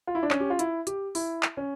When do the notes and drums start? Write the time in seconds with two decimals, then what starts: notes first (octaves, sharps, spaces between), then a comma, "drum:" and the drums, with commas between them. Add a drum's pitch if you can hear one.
0.07 F4
0.15 E4
0.23 D4
0.31 C#4, drum: clap
0.40 G4
0.50 F4
0.59 E4, drum: hi-hat
0.87 G4, drum: hi-hat
1.15 E4, drum: open hi-hat
1.43 drum: clap
1.57 C#4